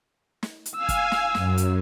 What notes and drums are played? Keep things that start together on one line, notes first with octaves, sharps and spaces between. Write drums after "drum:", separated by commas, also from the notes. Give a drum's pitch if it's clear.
drum: snare
drum: hi-hat
F5 G#5 E6
drum: kick, hi-hat
drum: snare
F#2, drum: snare
drum: hi-hat